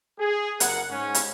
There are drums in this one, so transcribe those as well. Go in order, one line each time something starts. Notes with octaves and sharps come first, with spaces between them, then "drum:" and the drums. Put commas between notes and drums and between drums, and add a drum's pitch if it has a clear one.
G#4
F#1 A#4 F#5, drum: hi-hat
G#2 C#4
drum: hi-hat